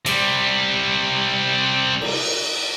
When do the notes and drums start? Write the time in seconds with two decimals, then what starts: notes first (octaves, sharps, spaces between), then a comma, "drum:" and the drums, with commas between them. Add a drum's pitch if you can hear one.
0.06 C3 G3, drum: hi-hat
2.01 drum: cymbal